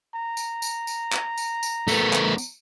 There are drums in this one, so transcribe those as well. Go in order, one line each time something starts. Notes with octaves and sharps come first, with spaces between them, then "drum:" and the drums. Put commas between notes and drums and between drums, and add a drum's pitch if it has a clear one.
A#5
drum: tambourine
drum: tambourine
drum: tambourine
drum: clap
drum: tambourine
drum: tambourine
A3 B3, drum: tambourine
drum: clap
drum: tambourine